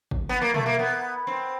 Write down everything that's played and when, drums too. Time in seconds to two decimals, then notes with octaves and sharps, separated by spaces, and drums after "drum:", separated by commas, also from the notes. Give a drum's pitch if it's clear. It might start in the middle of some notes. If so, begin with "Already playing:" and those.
0.11 drum: kick
0.29 B3
0.42 A#3
0.54 A3, drum: tom B2
0.66 A#3
0.79 B3
1.27 C4